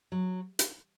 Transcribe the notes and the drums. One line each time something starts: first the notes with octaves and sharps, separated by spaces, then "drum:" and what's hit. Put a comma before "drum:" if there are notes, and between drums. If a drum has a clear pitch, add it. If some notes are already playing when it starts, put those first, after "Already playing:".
F#3
drum: hi-hat